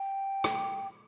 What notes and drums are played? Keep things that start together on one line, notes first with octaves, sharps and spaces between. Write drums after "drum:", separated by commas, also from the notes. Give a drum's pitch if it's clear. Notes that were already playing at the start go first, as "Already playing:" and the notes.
Already playing: G5
drum: rim click